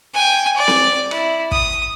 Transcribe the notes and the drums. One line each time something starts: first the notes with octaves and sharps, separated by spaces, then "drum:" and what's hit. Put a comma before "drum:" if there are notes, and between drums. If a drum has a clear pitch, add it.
G5 G#5
D5
drum: snare C4
E4, drum: rim click
D#6, drum: kick